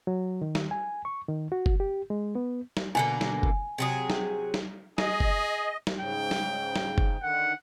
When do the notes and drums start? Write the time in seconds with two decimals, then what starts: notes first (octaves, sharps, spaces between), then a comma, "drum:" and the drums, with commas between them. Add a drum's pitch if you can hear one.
0.07 F#3
0.41 D#3
0.55 drum: snare
0.71 G#5
1.05 C#6
1.28 D#3
1.52 F#4
1.66 drum: kick
1.80 G4
2.10 G#3
2.35 B3
2.77 drum: snare
2.95 B2 D3 A#3 G#5
3.21 drum: snare
3.43 drum: kick
3.78 C3 F#3 G#4
4.10 drum: snare
4.54 drum: snare
4.98 G#4 D#5, drum: snare
5.20 drum: kick
5.87 drum: snare
6.00 G#2 C#3 G5
6.31 drum: snare
6.76 drum: snare
6.98 drum: kick
7.23 D3 D#3 F#5